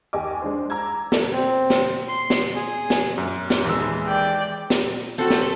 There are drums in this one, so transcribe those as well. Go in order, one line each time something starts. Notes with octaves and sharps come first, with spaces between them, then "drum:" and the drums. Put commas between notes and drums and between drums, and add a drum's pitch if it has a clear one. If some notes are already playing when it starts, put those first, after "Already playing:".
D#2 G4 D#5 G#5 D6
G#3 D4 C5
A#5 D6 E6 G#6
A4 D5, drum: snare
C4
drum: snare
C6
drum: snare
G#4
drum: snare
F#2
drum: snare
D#2 E3 G#3 E6
D5 G5
drum: snare
C4 F#4 A4
drum: snare